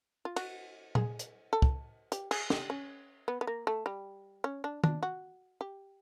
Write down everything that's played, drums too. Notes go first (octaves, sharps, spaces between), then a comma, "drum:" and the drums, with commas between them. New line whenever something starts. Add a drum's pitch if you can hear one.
F4
F#4, drum: cymbal
G#4, drum: tom A#2
drum: hi-hat
A4
drum: kick
G4, drum: hi-hat
G#4, drum: cymbal
G4, drum: snare
C#4
B3
B3
A#3
A3
G3
C#4
D4
D4, drum: tom
F#4
G4